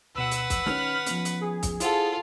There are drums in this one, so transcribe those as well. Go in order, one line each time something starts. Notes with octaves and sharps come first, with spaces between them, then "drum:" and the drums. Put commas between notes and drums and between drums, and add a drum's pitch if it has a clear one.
D2 B2 B4 F#5 E6
drum: hi-hat
drum: kick, hi-hat
D#3 C#4 F6, drum: snare
F3 B3 C#4, drum: hi-hat
drum: hi-hat
G#4
drum: kick, hi-hat
E4 F4 A4 C5 F#5, drum: hi-hat